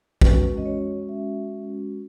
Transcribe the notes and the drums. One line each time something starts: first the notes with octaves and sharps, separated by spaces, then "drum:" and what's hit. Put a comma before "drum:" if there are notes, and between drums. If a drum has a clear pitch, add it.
G#3 C#4 F#4 B4, drum: kick A#1
D#5
C#5
E5